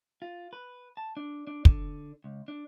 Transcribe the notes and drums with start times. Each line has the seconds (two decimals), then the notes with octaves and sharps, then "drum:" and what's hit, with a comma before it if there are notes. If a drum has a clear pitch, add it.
0.22 F4
0.53 B4
0.97 A5
1.17 D4
1.47 D4
1.65 D3, drum: kick
2.24 C#2
2.48 D4